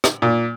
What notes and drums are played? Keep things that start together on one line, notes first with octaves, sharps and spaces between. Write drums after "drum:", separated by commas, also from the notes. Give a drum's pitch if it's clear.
drum: rim click
A#2